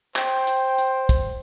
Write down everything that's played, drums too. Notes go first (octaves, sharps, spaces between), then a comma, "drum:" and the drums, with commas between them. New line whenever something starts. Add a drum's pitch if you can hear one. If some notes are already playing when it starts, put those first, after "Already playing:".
C5 G5, drum: clap
drum: hi-hat
drum: hi-hat
drum: kick, hi-hat